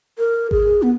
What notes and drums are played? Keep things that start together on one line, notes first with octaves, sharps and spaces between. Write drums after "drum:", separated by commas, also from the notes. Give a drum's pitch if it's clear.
A#4
G#4, drum: kick G#1
B3